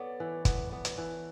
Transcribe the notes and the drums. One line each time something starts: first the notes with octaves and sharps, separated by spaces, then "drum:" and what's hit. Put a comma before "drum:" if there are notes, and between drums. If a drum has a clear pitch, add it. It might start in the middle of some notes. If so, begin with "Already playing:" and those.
Already playing: B3 A4 C#5 D5
E3
B3, drum: kick, hi-hat
B3
drum: hi-hat
E3